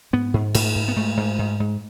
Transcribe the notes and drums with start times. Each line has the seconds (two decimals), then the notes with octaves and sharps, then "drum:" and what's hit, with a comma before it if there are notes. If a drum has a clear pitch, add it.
0.13 G#2 B3
0.34 G#2
0.55 G#2 A3, drum: cymbal
0.76 G#2
0.88 B3
0.96 G#2 A3
1.17 G#2
1.39 G#2
1.60 G#2